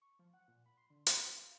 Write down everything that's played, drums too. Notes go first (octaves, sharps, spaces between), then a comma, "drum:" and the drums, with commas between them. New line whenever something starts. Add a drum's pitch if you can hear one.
C#6
F3
F#5
A#2
B5
C6
D3
B5, drum: hi-hat
C6
F5